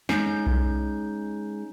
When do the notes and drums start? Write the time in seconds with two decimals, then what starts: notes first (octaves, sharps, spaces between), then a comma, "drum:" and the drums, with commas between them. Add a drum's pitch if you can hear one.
0.09 G#3 C#4 D#4 G6, drum: snare
0.47 drum: kick B1